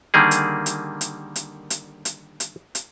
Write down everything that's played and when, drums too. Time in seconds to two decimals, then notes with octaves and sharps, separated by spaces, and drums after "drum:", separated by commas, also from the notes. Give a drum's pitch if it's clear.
0.14 D3 D#3 G3 A#3 G#4
0.31 drum: hi-hat
0.66 drum: hi-hat
1.01 drum: hi-hat
1.36 drum: hi-hat
1.70 drum: hi-hat
2.05 drum: hi-hat
2.40 drum: hi-hat
2.75 drum: hi-hat